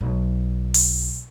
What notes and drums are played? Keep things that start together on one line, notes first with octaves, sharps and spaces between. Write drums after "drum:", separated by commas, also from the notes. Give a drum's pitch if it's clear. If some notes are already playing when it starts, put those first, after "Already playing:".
B1
drum: open hi-hat